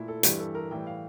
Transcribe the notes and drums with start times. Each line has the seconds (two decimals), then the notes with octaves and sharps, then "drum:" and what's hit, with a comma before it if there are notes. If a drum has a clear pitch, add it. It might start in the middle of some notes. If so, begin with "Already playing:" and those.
Already playing: A#2 A3 E4
0.08 A4
0.23 G2 E3 G3 G4, drum: hi-hat
0.39 A4
0.55 A#4
0.71 A2 E3 G3 G5
0.87 F5